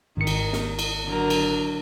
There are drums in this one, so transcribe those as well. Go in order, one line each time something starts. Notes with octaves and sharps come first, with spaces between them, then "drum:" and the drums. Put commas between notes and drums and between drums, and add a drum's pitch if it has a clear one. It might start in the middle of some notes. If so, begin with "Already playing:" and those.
G#1 D#3 C#7
drum: cymbal
drum: snare
drum: cymbal
D3 F#3 A#4
drum: cymbal